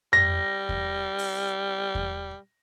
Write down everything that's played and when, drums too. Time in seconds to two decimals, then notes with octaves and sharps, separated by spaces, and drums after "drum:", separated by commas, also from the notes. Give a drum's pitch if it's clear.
0.13 G3 A#6, drum: tom F2
0.69 drum: kick E2
1.18 drum: open hi-hat
1.95 drum: kick E2